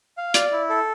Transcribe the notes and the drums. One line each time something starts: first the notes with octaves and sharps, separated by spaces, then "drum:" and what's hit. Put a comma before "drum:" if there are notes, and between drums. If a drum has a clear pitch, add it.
F5
D5, drum: hi-hat
E4
A4